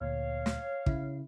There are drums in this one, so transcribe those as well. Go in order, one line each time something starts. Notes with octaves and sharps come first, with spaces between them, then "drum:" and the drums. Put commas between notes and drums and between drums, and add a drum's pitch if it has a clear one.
D2 A#2 C#5 F5
drum: snare
C#3 E4, drum: kick